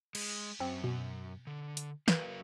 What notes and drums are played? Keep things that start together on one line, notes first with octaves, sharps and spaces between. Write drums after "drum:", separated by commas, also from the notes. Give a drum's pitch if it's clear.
G#3, drum: cymbal
F#2 C4
B2
D3
drum: hi-hat
F#3 A#4 B4 F5, drum: snare